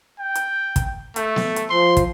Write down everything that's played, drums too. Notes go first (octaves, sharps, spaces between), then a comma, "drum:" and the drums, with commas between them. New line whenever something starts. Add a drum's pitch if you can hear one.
G5
drum: hi-hat
drum: kick, hi-hat
A3, drum: hi-hat
drum: snare B3
drum: hi-hat
F3 C6
drum: kick, hi-hat